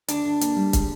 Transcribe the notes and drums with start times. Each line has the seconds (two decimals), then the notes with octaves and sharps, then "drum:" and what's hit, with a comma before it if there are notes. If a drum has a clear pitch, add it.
0.08 D2 D4, drum: hi-hat
0.25 D2
0.41 A#3, drum: hi-hat
0.56 G3
0.73 G#3, drum: kick, hi-hat